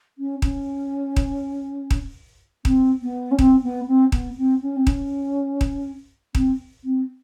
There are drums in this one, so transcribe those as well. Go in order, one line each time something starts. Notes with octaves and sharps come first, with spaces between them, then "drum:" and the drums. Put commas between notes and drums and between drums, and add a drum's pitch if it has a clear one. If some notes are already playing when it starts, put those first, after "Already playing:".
C#4
C#4, drum: kick D#1
drum: kick D#1
drum: kick D#1
C4, drum: kick D#1
B3
C#4
C4, drum: kick D#1
B3
C4
B3, drum: kick D#1
C4
C#4
C4
C#4, drum: kick D#1
drum: kick D#1
C4, drum: kick D#1
C4